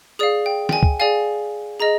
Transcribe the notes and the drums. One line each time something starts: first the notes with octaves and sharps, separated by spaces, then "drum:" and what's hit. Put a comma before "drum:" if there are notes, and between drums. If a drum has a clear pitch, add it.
G#4 D5 F5 D#6
G5
G5, drum: snare
G#5
drum: kick
G#4 D5 F5 G#5
G#4 D#5 A#5